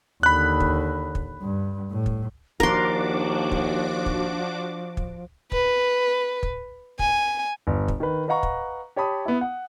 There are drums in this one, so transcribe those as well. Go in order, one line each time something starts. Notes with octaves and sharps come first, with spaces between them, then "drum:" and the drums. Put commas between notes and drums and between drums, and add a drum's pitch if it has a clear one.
D#2 D3 B5 F#6
drum: kick
drum: kick
G2
A2
drum: kick
D#2 F3 D4 F#4 A#4 C6 D6, drum: kick
drum: kick
drum: kick
drum: kick
B4, drum: kick
drum: kick
G#5, drum: kick
G1
drum: kick
D#3 B4
B4 D#5 F5 F#5 A#5 C#6
drum: kick
G4 C#5 A5 B5 D#6
B3 E4
F#5